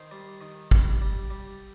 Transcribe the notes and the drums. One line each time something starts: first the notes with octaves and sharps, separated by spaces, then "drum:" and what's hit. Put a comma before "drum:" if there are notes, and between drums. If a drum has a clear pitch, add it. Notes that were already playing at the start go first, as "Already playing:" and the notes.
Already playing: D#3 C5
G3
D#3
G3, drum: kick
G3
G3